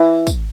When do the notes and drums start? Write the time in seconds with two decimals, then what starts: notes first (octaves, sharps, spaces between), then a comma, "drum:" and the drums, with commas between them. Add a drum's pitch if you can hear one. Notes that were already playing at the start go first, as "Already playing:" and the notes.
Already playing: E3
0.27 drum: kick, tambourine